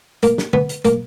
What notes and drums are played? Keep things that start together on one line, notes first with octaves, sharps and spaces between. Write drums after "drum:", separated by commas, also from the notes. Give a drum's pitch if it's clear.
A#3, drum: hi-hat
drum: snare
B3, drum: tom D3
drum: hi-hat
A#3, drum: hi-hat